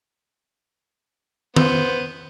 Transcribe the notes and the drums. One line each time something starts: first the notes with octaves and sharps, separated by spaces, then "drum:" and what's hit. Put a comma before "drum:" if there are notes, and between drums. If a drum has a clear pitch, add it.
B3 C5, drum: tom